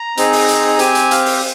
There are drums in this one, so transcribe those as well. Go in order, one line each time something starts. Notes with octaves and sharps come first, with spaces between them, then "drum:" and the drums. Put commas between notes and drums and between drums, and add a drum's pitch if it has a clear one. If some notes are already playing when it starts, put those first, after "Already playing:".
Already playing: A#5
C4 D#4 G#4, drum: hi-hat
drum: open hi-hat
drum: hi-hat
A#5
C4 G4 G#5, drum: hi-hat
drum: hi-hat
F5, drum: hi-hat
drum: open hi-hat